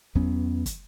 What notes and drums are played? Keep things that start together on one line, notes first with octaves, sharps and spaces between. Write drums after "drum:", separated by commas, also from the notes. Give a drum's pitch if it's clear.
E2 F#3 B3 C#4, drum: kick
drum: kick, hi-hat